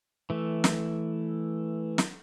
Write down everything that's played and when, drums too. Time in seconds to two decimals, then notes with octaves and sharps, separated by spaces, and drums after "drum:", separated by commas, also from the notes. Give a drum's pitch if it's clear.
0.30 E3 A3
0.64 drum: snare
1.98 drum: snare